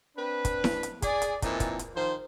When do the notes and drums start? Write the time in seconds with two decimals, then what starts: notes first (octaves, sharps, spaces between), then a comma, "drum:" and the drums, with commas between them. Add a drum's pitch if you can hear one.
0.17 C4 D4 B4
0.45 drum: kick, hi-hat
0.64 drum: snare E4
0.83 drum: hi-hat
1.02 G#4 D5, drum: kick, hi-hat
1.22 drum: hi-hat
1.42 A#2 E3 C4 D4 D#4, drum: kick, hi-hat
1.60 drum: kick, hi-hat
1.79 drum: hi-hat
1.95 D#3 F3 C5